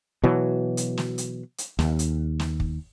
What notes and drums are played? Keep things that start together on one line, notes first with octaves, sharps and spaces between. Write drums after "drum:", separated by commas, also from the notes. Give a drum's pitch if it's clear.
B2 E3 F#3
drum: hi-hat
drum: snare
drum: hi-hat
drum: hi-hat
D#2, drum: snare
drum: hi-hat
drum: snare
drum: kick